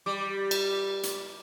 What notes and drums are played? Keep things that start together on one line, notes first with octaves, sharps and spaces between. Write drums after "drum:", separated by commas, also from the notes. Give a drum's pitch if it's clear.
G3 D6
drum: cymbal
drum: hi-hat